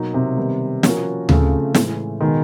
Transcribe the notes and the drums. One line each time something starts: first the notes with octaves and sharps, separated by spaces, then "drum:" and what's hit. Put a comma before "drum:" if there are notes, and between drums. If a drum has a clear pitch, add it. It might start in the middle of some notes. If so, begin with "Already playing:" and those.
Already playing: B2 F#3 A#3 D#4
C3
D#3 G3 B3
F3 A#3 C#4 F#4 A#4, drum: snare
C#3 A3 C4 F4 A4, drum: tom D2
A2 E3 G#3, drum: snare
B2 D#3 G#3 B3 D#4